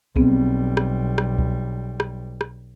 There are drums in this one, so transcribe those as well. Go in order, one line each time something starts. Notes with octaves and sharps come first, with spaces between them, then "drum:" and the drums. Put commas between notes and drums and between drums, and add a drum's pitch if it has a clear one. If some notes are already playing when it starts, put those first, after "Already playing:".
B1 G3 B3 C4 G#4, drum: kick C2
drum: rim click
drum: rim click
drum: kick C2
drum: rim click
drum: rim click